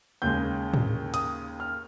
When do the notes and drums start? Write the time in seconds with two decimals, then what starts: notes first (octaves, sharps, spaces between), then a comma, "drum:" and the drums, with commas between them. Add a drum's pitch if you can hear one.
0.22 D#2 C#3 G#3 G6
0.74 drum: tom
1.14 D#6, drum: hi-hat
1.60 F6